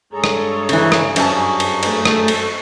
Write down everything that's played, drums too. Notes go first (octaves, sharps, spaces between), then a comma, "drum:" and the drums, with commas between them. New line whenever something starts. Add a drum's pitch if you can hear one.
G2 G#3 G#4 A4 C#5 A#5
drum: rim click
C#3 E3, drum: cymbal
drum: rim click
F#2 C#4 A5, drum: cymbal
drum: cymbal
A3, drum: cymbal
drum: rim click
drum: cymbal